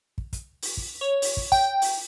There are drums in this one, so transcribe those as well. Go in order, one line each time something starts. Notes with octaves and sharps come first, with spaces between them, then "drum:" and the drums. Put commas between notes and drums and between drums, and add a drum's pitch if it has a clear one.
drum: kick
drum: kick, hi-hat
drum: open hi-hat
drum: kick
C#5
drum: open hi-hat
drum: kick
G5, drum: kick, hi-hat
drum: open hi-hat